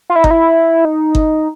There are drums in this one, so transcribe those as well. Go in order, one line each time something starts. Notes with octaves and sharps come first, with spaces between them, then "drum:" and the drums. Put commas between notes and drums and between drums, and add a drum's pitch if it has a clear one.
F4
E4
D#4, drum: kick G1
E4
D#4
drum: kick G1